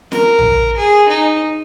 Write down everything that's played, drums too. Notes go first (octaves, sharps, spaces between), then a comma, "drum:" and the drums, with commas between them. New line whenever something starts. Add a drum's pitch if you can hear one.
A#4, drum: snare
drum: tom A#1
G#4
D#4